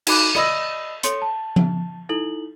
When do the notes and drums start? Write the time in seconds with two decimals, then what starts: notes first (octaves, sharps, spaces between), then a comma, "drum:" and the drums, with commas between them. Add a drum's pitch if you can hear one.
0.07 D#4 F#4 A4 B5 D6 F#6, drum: cymbal
0.35 D5 D#5 B5 D#6 E6 A#6, drum: rim click
1.03 A4 C#5 C6 C#7, drum: hi-hat
1.22 A5
1.56 drum: tom F3
2.09 D#4 E4 A4 F#7